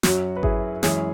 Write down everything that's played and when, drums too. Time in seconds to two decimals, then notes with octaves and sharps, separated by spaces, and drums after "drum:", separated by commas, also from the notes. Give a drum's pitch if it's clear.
0.03 F#2 F#3 F#4, drum: snare
0.36 B4
0.43 E4 G#4, drum: kick G#1
0.83 F#2 E3 G#3 G#4 C#5, drum: snare